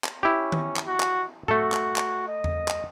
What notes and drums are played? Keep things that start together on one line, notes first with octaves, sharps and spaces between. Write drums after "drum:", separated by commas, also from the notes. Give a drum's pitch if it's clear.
drum: clap
C#4 E4 G4
drum: tom D#3
drum: clap
F#4
drum: clap
A3 F#4 A4, drum: tom A2
drum: clap
drum: clap
D#5
drum: tom E2
drum: clap